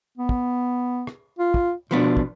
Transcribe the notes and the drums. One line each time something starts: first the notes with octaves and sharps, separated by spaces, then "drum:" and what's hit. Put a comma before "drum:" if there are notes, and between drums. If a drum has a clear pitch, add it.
B3
drum: kick
drum: rim click
F4
drum: kick
B2 F3 B3 D4
drum: kick